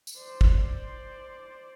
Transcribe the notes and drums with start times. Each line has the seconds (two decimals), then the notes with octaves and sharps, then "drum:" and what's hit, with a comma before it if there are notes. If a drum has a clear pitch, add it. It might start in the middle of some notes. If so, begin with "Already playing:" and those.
0.07 drum: tambourine
0.19 C5 D5
0.41 drum: kick